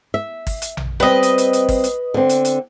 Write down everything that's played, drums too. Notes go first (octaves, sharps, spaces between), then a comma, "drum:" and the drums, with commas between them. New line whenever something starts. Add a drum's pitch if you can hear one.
E5
drum: kick, open hi-hat
drum: hi-hat
drum: tom A#1
G3 C4 B4 D#5
drum: hi-hat
drum: hi-hat
drum: hi-hat
drum: kick, open hi-hat
drum: hi-hat
D3 C4
drum: hi-hat
drum: hi-hat